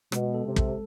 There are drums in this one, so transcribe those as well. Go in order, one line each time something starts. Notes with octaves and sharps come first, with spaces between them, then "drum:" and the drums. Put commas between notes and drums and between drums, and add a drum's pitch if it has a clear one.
B2 G#3, drum: rim click
A4
C3
A4, drum: kick